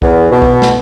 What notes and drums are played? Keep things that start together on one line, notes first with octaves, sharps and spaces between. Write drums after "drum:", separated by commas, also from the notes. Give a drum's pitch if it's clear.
E2, drum: kick
B2
drum: kick
drum: snare